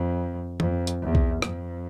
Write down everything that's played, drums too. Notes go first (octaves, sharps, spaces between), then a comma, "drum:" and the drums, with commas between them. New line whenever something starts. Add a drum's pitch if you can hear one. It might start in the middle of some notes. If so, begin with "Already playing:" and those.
Already playing: F2
F2, drum: tom
drum: hi-hat
E2
drum: kick B1
F2, drum: rim click